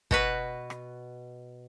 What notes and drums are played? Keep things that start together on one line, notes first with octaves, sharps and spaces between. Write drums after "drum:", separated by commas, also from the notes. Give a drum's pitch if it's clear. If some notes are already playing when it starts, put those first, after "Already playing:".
B2 F#4 B4, drum: kick
drum: rim click